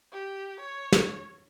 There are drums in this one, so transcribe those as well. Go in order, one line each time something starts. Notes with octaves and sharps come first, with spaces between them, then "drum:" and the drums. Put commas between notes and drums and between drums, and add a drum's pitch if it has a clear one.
G4
C#5
drum: snare